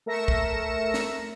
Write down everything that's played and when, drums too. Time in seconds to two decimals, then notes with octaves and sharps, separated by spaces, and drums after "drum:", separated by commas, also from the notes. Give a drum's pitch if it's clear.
0.06 A3 A#4 E5 A#6 C#7 E7
0.28 drum: kick
0.94 drum: snare